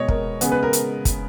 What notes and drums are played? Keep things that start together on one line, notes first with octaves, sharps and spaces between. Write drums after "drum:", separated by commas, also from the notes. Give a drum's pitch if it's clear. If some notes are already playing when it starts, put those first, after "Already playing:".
Already playing: B2 G#3 B3 C#5 D#5
A#4, drum: kick
C#3 G#3 B3, drum: hi-hat
B4
A#4
drum: hi-hat
drum: kick, hi-hat